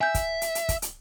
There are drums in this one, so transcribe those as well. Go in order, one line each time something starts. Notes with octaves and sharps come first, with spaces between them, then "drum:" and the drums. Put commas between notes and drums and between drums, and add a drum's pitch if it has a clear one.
E5 G#5 G6
drum: kick, hi-hat
drum: hi-hat
drum: hi-hat
drum: kick, hi-hat
drum: hi-hat